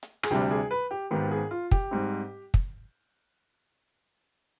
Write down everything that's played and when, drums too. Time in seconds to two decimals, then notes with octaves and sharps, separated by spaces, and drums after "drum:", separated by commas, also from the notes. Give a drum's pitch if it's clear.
0.03 drum: hi-hat
0.23 G#4, drum: rim click
0.30 D2 C3 G3 D4 G4
0.51 G#4
0.71 B4
0.91 G4
1.11 G#1 G#2 D#3 B3 G4
1.31 G#4
1.51 F4
1.71 G4, drum: kick
1.91 G#2 G3 C4
2.54 drum: kick